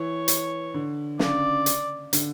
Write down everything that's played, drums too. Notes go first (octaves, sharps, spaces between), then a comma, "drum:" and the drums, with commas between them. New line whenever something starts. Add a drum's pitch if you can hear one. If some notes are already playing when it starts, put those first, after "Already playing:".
Already playing: E3 C#5
drum: hi-hat
D3
C#3 D5, drum: snare
drum: hi-hat
D3, drum: hi-hat